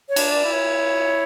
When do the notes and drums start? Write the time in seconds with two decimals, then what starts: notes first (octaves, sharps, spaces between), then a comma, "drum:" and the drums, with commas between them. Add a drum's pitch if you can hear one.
0.09 C#5
0.16 D4, drum: cymbal
0.31 D5
0.45 E4
0.52 C#5